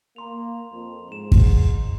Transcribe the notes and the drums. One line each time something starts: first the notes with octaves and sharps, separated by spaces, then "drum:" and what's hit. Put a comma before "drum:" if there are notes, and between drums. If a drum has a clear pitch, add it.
A#3 A#5 C6 F7
F2
G#2 C6 E7
drum: kick